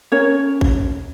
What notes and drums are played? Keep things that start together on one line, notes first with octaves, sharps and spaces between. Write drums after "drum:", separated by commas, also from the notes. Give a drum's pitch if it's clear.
C#4 A#4 C#5
drum: kick A1